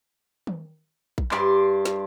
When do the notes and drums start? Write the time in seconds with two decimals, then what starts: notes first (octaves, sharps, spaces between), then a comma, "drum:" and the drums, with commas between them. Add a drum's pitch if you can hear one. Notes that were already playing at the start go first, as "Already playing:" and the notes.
0.47 drum: tom D#3
1.18 drum: kick A#1
1.31 G2 C6 D6, drum: clap
1.85 drum: snare